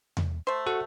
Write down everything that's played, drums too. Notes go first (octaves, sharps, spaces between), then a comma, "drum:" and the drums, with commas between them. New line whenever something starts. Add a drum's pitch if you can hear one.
drum: tom E2
A3 C5
F#4 A4 F#5